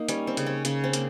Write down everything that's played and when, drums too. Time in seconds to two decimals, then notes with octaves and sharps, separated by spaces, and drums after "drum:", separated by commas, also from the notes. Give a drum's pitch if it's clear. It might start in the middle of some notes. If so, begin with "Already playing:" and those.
Already playing: A#3 D#4
0.09 G3 C#4, drum: hi-hat
0.27 C4
0.37 C#3, drum: hi-hat
0.46 C#4
0.65 C#3 C#4, drum: hi-hat
0.84 C4
0.93 A#3, drum: hi-hat